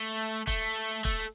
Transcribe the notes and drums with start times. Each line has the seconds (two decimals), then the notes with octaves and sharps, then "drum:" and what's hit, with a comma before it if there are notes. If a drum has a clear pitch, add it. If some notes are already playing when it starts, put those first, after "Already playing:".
Already playing: A3
0.47 A3, drum: kick, hi-hat
0.61 drum: hi-hat
0.76 drum: hi-hat
0.91 drum: hi-hat
1.05 A3, drum: kick, hi-hat
1.20 drum: hi-hat